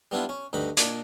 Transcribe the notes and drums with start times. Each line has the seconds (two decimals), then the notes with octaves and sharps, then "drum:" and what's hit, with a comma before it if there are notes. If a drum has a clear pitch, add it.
0.11 G3 B3 D4 E4 F4
0.29 C#4
0.53 D2 G2 D#4 B5
0.77 A#2 D4 D#5 D6, drum: hi-hat